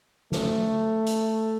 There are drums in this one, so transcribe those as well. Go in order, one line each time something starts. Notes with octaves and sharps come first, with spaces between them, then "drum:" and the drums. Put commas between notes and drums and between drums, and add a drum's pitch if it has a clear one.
A3, drum: snare
drum: hi-hat